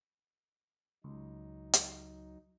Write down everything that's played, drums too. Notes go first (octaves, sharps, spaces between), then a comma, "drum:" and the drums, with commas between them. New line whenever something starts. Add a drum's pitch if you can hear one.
C#2 F#3 D#4
drum: hi-hat